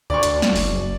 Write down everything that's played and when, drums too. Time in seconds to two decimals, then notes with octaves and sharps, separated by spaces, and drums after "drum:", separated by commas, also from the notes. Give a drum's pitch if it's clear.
0.10 D2 D5 C#6
0.23 drum: hi-hat
0.42 drum: snare
0.56 F#1, drum: open hi-hat